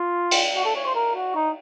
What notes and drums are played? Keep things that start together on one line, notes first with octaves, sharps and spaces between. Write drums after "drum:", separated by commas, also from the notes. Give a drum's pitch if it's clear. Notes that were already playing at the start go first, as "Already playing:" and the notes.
Already playing: F4
drum: cymbal
F#4
A4
C#5
C5
A#4
F#4
D#4